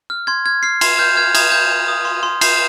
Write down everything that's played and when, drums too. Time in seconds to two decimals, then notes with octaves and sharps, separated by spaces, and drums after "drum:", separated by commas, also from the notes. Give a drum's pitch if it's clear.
0.10 F6
0.27 C6 G#6
0.45 F6 G#6
0.63 F6 C7
0.81 C6 C7, drum: cymbal
0.98 F6 G6
1.17 F6 G#6
1.35 D#6 G#6, drum: cymbal
1.52 G6
1.70 G6
1.88 D#6
2.05 C6
2.23 C6
2.41 G6 C7, drum: cymbal